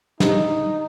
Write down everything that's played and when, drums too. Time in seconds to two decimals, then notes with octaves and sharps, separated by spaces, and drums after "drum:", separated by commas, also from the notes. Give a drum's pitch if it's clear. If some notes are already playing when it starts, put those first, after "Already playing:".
0.20 D#4, drum: snare